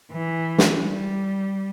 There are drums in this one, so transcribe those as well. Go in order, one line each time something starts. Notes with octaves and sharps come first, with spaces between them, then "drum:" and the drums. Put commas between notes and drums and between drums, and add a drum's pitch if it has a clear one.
E3
drum: snare
G3